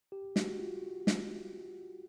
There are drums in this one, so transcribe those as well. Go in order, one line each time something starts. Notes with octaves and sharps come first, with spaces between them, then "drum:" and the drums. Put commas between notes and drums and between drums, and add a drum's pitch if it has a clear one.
G4
F#4, drum: snare
F4
drum: snare